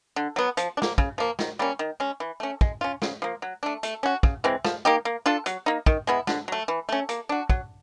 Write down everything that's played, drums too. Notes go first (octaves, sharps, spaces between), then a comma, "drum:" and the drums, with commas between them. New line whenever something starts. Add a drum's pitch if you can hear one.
D3
F#3 B3
F3, drum: hi-hat
D4
A#3, drum: snare
C#3, drum: kick
F3 A#3
D#3, drum: snare
G3 A#3 C#4
D#3
G#3 C#4
E3
A3 C#4
G#3, drum: kick
C#4 F4
C#3, drum: snare
F3 A#3
F#3
A3 D4
A3, drum: hi-hat
C#4 F#4
C#3, drum: kick
E3 G#3 C4
F3, drum: snare
A#3 D#4 G4
A#3
D4 F4 A4
F#3, drum: hi-hat
A#3 D#4
D#3, drum: kick
G#3 B3 E4
D3, drum: snare
F#3 A3
E3
A3 C#4
A#3, drum: hi-hat
D4 F#4
F#3, drum: kick